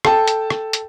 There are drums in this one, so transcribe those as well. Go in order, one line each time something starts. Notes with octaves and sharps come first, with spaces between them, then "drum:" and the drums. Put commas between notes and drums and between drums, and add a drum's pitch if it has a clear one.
A4 G5 A5, drum: rim click
drum: hi-hat
drum: rim click
drum: hi-hat